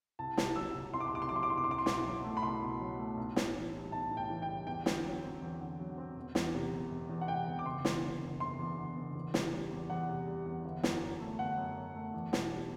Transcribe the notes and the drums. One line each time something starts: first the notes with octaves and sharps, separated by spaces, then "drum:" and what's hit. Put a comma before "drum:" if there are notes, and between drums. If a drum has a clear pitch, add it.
C2 A5
C3, drum: snare
F#3 E6
C2
C2 C6
D6
C6
C3 D6
C6
F#3 D6
C6
D6
C2 C6
D6
C6
C2 D6
C6
B2 D6, drum: snare
C6
F#3
A3
B5
C2 C6
B2
F#3
A3
B1
A2, drum: snare
E3
G3
B1 A5
A2
G5
E3
G5
G3
E2 G5
D3, drum: snare
F#3
C4
E2
D3
F#3
C4
E1
E2, drum: snare
C3
E1
E1
E2
F#5
C3 G5
E1
D6
F#1 C6
E2, drum: snare
D3
F#1
F#1 C6
E2
D3
F#1
E2
C3, drum: snare
G3
E2
E2 F#5
C3
G3
E2
G1
F#2, drum: snare
F#3
A3
G1 F#5
F#2
F#3
A3
E2
B2, drum: snare
G3